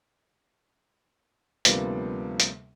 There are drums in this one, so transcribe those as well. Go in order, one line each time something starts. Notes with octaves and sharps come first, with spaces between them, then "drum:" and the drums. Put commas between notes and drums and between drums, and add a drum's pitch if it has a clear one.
D2 C3 F3 G3 A#3 B3, drum: hi-hat
drum: hi-hat